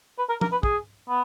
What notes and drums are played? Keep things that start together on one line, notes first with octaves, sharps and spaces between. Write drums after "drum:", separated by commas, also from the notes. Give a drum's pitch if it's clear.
B4
A#4
A#4, drum: tom
B4
G#4, drum: kick
B3